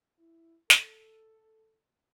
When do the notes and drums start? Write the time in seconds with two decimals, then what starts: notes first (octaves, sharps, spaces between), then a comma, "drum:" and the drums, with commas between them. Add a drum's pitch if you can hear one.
0.19 E4
0.70 A4, drum: snare